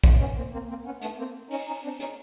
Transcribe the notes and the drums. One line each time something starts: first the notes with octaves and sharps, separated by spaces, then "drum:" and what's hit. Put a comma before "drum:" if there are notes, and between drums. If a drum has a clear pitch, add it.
drum: kick, hi-hat
B3 C#4
A#3 C4
A#3 C4
A#3 C4
B3 C#4
A3 B3, drum: hi-hat
A#3 C4
C#4 D#4, drum: open hi-hat
C#4 D#4
C4 D4
C#4 D#4, drum: hi-hat